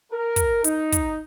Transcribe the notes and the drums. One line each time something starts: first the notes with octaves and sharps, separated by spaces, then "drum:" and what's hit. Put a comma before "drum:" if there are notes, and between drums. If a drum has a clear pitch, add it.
A#4
drum: kick, hi-hat
D#4, drum: hi-hat
drum: kick, hi-hat